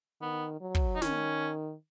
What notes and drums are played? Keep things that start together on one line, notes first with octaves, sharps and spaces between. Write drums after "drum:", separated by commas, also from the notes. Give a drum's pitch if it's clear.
D#3 B3
F#3
drum: kick
D#4
D#3 C#4, drum: snare